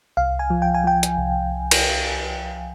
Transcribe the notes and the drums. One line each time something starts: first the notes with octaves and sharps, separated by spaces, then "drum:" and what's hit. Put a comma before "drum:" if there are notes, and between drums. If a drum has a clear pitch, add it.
C2 F5
G#5
F3
G5
G#5
F3 G5
drum: hi-hat
C2
drum: cymbal